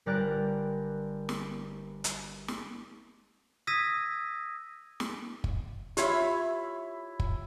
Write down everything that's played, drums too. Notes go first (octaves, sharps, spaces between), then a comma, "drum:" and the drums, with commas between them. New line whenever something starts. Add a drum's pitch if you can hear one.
G1 G3 A#4 D5 F#6 A#6
drum: snare
drum: hi-hat
drum: snare
D#6 E6 G#6 A#6 B6 D#7
drum: snare
drum: kick
E4 F4 G4 C#5 E5 B5, drum: hi-hat
drum: kick